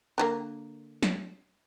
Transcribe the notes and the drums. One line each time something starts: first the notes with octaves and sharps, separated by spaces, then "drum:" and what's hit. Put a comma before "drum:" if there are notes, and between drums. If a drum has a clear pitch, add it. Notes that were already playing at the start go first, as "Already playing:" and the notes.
D3 F#3 A#3
drum: snare